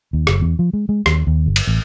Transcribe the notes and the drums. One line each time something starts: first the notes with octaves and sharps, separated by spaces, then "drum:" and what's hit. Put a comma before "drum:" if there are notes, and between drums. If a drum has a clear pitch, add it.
D#2
F#1, drum: rim click
E2
F3
G#3
G#3
D#2, drum: rim click
D#2
G1
drum: cymbal
A1